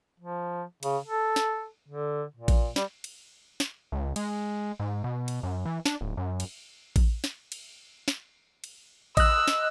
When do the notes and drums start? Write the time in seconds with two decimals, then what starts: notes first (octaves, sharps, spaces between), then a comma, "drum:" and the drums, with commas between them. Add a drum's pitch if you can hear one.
0.20 F3
0.83 C#3, drum: cymbal
1.06 A4
1.36 drum: snare
1.88 D3
2.36 A#2
2.48 drum: kick A1, cymbal
2.76 G3, drum: snare
3.04 drum: cymbal
3.60 drum: snare
3.92 C#2
4.16 G#3, drum: cymbal
4.80 G#2
5.04 B2
5.28 drum: cymbal
5.43 F#2
5.65 E3
5.86 D4, drum: snare
6.01 D1
6.17 F#2
6.40 drum: cymbal
6.96 drum: kick A1, cymbal
7.24 drum: snare
7.52 drum: cymbal
8.08 drum: snare
8.64 drum: cymbal
9.17 D#5 E6 F#6, drum: kick A1, cymbal
9.48 drum: snare